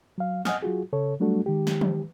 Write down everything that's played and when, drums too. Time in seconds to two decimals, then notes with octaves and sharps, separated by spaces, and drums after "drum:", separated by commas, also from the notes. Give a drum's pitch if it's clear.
0.18 F#3 F5
0.45 D#5 F#5 G#5 D#6 F6, drum: snare
0.62 F#3 F4 F#4 G#4
0.93 C#3 A4 C#5
1.20 F#3 G3 A3 D4 F#4 A4
1.46 D#3 G#3 G4
1.67 drum: snare
1.81 drum: tom E3